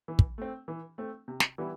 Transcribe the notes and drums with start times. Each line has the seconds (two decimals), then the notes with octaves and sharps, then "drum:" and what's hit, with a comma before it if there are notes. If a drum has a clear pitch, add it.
0.08 E3
0.19 drum: kick
0.38 A3 C4
0.68 E3
0.98 A3 C4
1.28 C3
1.40 drum: snare
1.58 E3 G3 B3 E4